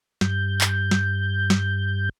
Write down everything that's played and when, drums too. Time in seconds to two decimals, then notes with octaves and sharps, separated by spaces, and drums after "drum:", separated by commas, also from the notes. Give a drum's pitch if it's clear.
0.21 G2 G6, drum: snare
0.61 drum: clap
0.91 drum: snare
1.50 drum: snare